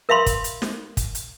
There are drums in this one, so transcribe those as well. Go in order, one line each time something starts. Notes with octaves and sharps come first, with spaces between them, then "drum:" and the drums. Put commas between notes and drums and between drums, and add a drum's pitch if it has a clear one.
A#4 E5 F5 B5 C6
drum: kick, hi-hat
drum: hi-hat
drum: snare
drum: kick, hi-hat
drum: hi-hat